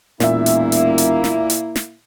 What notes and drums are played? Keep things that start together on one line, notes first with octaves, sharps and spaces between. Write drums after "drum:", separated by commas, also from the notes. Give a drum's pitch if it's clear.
E1 A#2 A#3 E4 E5, drum: snare
drum: hi-hat
drum: hi-hat
drum: hi-hat
drum: snare
drum: hi-hat
drum: snare